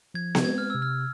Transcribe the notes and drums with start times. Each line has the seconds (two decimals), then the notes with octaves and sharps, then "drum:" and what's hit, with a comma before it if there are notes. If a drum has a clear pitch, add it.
0.14 F3 G#6
0.35 drum: snare B3
0.45 G#3 C4 G#6
0.58 F6
0.70 C3 E6
0.82 F6